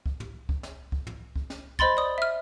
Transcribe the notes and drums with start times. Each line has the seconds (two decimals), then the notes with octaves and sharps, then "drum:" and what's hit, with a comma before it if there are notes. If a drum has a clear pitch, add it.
0.06 drum: kick C2
0.20 drum: tom
0.49 drum: kick C2
0.63 drum: snare
0.92 drum: kick C2
1.07 drum: tom
1.36 drum: kick C2
1.50 drum: snare
1.79 C5 D#5 B5 C6 A6, drum: kick C2
1.97 D5 D#6
2.18 E5 F6